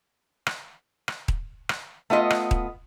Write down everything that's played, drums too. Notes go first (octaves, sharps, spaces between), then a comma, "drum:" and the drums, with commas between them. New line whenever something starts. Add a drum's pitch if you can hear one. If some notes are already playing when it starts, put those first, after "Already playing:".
drum: rim click
drum: rim click
drum: kick D#1
drum: rim click
A3 B3 F4 D#5
drum: rim click
drum: kick D#1